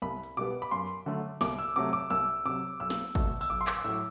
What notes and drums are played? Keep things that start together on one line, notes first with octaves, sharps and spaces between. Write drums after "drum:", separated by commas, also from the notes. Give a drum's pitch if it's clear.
C2 B5
drum: hi-hat
B2 G3 B3 D6
B5
F#2 C6
D3 F#3 A3
C2 D6, drum: snare
E6
C3 F#3 A3 D6
D6
C2 E6, drum: hi-hat
C3 F#3 D6
B1 E6
drum: snare
B2 A3, drum: kick
E6, drum: tambourine
B1 D6
C6
D6, drum: clap
D6
A2 F#3 E6